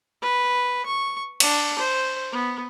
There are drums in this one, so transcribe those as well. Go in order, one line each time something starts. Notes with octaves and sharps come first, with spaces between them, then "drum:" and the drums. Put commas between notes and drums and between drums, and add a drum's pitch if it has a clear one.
B4
C#6
D4, drum: cymbal
C5
B3